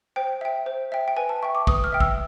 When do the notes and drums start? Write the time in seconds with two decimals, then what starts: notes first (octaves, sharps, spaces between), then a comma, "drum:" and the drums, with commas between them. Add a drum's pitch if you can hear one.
0.16 C5 G5
0.41 E5 G5
0.66 C5
0.92 E5 G5
1.08 G5
1.17 B4 G#5
1.29 A5
1.43 E5 G5 C#6
1.55 D6
1.67 B4 D#6, drum: kick
1.84 F6
1.92 E5 G5
2.00 E6, drum: kick